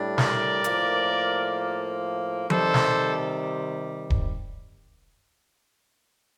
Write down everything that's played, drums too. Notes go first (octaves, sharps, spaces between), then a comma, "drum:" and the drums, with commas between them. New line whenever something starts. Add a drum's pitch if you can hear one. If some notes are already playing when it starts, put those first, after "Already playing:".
Already playing: A2 G3 D4
A#4 D5, drum: snare
A2 F3 A#3, drum: hi-hat
C3 D#3 G3 A4 C5, drum: tom F3
drum: snare
drum: kick D#1